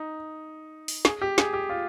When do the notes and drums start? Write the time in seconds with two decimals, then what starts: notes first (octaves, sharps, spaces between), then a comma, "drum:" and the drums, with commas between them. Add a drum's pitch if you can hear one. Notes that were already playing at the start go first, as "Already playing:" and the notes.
Already playing: D#4
0.88 drum: open hi-hat
1.05 G#4, drum: snare
1.22 G4
1.38 G#4, drum: snare
1.53 G4
1.69 F4